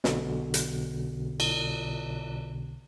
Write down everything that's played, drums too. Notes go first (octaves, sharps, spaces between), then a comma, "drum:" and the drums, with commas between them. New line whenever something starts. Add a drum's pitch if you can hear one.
B1 B2 D3, drum: snare
drum: hi-hat
drum: cymbal